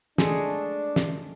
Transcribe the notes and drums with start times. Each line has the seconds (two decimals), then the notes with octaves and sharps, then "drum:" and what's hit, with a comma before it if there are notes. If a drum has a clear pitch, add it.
0.18 G#3 A3 D4, drum: snare
0.96 drum: snare